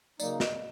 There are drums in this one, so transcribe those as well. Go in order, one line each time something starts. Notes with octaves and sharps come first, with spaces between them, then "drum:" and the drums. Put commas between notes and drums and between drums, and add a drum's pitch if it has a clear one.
C#3 F#3 A#3 D#4 D5, drum: tambourine
D#5, drum: snare